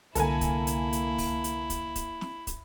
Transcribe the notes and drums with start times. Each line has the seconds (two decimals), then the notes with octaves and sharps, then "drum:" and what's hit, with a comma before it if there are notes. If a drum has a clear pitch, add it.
0.15 C2 D3 A#3 E4 A4 A#4 G#5, drum: hi-hat
0.41 drum: kick, hi-hat
0.67 drum: hi-hat
0.93 drum: hi-hat
1.18 drum: kick, open hi-hat
1.44 drum: hi-hat
1.70 drum: kick, hi-hat
1.96 drum: kick, hi-hat
2.21 drum: snare
2.47 drum: kick, hi-hat